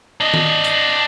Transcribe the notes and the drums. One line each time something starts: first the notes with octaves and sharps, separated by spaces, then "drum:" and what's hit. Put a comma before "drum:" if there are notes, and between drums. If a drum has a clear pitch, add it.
D4 D#5
drum: tom D#3
drum: hi-hat